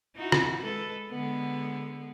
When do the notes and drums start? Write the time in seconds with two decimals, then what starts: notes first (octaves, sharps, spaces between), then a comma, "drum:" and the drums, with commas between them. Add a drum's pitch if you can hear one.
0.16 D#4 E4 F#4
0.32 drum: rim click
0.60 G#3 A4 B4
1.10 D3 G#3 B3